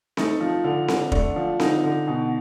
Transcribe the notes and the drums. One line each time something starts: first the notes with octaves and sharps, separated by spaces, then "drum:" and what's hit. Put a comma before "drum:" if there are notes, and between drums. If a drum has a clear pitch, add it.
A3 D#4, drum: snare C4
F3
D3
D3, drum: snare C4
A3 D4, drum: kick
F3
D3 D#4, drum: snare C4
D3
B2 D#4